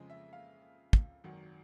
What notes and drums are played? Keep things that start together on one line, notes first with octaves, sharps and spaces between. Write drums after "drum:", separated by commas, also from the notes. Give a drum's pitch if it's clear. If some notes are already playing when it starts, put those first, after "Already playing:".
Already playing: F2 C#3 F3 G#3 D#5
E5
F5
drum: kick
G#1 F#2 D#3 F#3